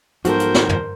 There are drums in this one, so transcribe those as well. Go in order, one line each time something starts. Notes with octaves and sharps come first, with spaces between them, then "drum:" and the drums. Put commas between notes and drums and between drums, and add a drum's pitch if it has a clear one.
B1 G#2 F3 F#4 G4 A4 A#4 C5, drum: hi-hat
drum: hi-hat
drum: snare
drum: tom